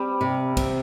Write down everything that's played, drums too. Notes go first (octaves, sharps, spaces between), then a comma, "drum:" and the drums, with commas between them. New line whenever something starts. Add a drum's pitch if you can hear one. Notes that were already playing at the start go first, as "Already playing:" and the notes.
Already playing: G3 C4
C3
C4, drum: kick, cymbal